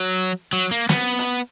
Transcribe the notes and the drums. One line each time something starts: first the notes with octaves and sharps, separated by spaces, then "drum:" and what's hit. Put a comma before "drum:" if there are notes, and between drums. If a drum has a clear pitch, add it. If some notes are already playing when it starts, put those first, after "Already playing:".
Already playing: F#3
F#3
A#3
B3, drum: snare
drum: hi-hat